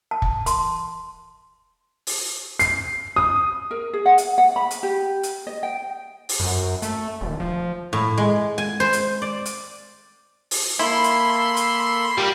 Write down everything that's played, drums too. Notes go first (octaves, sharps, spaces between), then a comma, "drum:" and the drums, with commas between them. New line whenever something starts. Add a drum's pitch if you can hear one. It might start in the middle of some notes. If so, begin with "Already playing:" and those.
A5
drum: kick
C6, drum: hi-hat
drum: open hi-hat
C7, drum: hi-hat
D#6
A#4
G#4
F#5
drum: hi-hat
F#5
B5
drum: hi-hat
G4
drum: hi-hat
D#5
G5
drum: open hi-hat
F#2
A3, drum: hi-hat
D#1
F3
A2
G#3
G#5
C5
drum: hi-hat
D5
drum: hi-hat
drum: open hi-hat
A#3 E4 A4 B5 C6 E6
drum: hi-hat
drum: hi-hat
G3 F4 G4 A#4